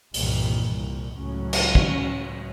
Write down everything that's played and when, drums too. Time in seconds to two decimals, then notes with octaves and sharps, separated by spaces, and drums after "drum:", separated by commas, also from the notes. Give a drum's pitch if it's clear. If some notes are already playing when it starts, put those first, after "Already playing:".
0.14 C2 G2 A#2 D#3 E3, drum: open hi-hat
0.70 C2 A#2
1.16 C#2 A2 F#3 C#4
1.53 drum: cymbal
1.75 drum: kick